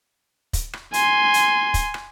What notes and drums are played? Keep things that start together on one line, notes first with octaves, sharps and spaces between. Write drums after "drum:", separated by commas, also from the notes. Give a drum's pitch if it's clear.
drum: kick, hi-hat
drum: rim click
G#5 C6, drum: hi-hat
drum: hi-hat
drum: kick, hi-hat
drum: rim click